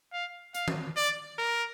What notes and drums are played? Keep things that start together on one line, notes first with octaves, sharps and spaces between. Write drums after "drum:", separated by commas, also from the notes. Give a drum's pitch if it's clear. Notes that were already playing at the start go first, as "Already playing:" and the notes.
F5
F5, drum: hi-hat
drum: tom D#3
D5
A#4